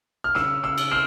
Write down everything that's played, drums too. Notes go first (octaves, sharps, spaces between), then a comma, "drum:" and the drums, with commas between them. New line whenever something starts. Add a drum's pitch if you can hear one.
F6
C#3 E6, drum: snare
C#3 E6
drum: cymbal
C4 F6